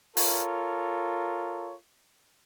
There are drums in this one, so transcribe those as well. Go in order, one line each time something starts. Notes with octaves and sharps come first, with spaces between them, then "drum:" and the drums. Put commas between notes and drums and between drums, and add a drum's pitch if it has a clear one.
F4 A4 A#4 C#5, drum: open hi-hat